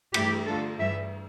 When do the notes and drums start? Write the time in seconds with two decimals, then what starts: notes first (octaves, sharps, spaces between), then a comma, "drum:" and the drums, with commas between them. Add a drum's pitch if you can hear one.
0.14 G2 E3 A3 E4 G4, drum: cymbal
0.46 D3 A3 D4 F4 A4
0.79 G2 E3 G3 E5